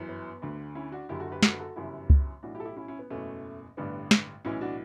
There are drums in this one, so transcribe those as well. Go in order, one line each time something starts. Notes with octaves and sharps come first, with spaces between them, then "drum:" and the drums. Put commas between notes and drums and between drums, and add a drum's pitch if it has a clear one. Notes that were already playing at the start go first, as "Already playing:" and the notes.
Already playing: G1 F#2 E3
B3
D2 D3
C#4 E4
D4 F#4
F#1 F#2 D3 E4 G4
F#4 A4
G4 B4
F#4 A4, drum: snare
B4
F#4 A4
G1 F#2 C#3 E3 E4 G4
drum: kick C#2
B1 A2 E3 D4 F#4
E4 G4
A4
E4 G4
C#4 E4
C#4 E4
B3
F#1 E2 B2 A3 C#4
A1 G2 D3 B3 D4
drum: snare
B1 A2 E3 C#4 E4
D4 F#4